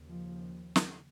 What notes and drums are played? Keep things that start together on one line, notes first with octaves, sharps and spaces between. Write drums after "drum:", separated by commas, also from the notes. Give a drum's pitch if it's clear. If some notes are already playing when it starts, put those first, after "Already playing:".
Already playing: D#2 C#3
F3
drum: snare